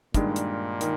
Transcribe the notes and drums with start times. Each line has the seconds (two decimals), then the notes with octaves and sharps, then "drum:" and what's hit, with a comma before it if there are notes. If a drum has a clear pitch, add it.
0.14 G2 A#2 D#3 G#3, drum: kick, hi-hat
0.36 drum: hi-hat
0.81 D#3, drum: hi-hat